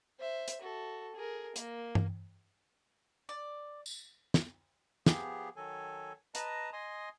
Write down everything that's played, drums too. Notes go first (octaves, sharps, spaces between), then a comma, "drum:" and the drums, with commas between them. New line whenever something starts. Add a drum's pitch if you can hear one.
C5 E5
drum: hi-hat
F#4 A4
G#4 A#4
A#3, drum: hi-hat
drum: tom G2
D5
drum: tambourine
drum: snare
F3 B3 G4 G#4, drum: snare
D#3 F#3 A4 G#5
B4 D#5 A5 A#5, drum: hi-hat
D#5 G#5 C6 D#6